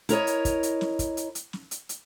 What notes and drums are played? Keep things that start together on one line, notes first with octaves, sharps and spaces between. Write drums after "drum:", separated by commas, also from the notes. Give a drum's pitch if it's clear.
E4 A#4 C#5 D#5, drum: hi-hat
drum: hi-hat
drum: kick, hi-hat
drum: hi-hat
drum: snare
drum: kick, hi-hat
drum: hi-hat
drum: hi-hat
drum: snare
drum: hi-hat
drum: hi-hat